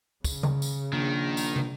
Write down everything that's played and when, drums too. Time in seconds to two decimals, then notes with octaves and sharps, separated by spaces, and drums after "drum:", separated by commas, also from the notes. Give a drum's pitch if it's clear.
0.24 C#3, drum: kick, tambourine
0.43 drum: tom C#3
0.62 drum: tambourine
0.93 A#1 D#3
1.37 drum: tambourine
1.56 drum: tom